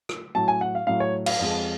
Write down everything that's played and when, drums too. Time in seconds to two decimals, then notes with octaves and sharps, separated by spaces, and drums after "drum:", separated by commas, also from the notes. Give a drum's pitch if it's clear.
0.09 drum: rim click
0.35 A2 F#3 A5
0.48 G#5
0.61 F#5
0.75 F5
0.87 A2 F#3 F5
1.00 C#5
1.26 F5, drum: cymbal
1.40 F2 F3 G#3